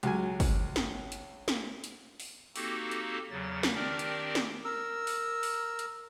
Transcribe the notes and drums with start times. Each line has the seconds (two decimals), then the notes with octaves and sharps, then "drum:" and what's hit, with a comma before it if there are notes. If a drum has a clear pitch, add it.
0.03 C#2 F#3 G#5, drum: hi-hat
0.40 drum: kick, open hi-hat
0.76 drum: snare
1.12 drum: hi-hat
1.48 drum: snare
1.84 drum: hi-hat
2.20 drum: open hi-hat
2.56 A#3 C4 D#4 F#4 G4 A4, drum: open hi-hat
2.91 drum: hi-hat
3.31 E2 C#3 F#3 A6
3.63 drum: snare
3.75 D#3 C4 D4 G4 A#4 D5
3.99 drum: hi-hat
4.35 drum: snare
4.65 A#4 E6
5.07 drum: open hi-hat
5.43 drum: open hi-hat
5.79 drum: hi-hat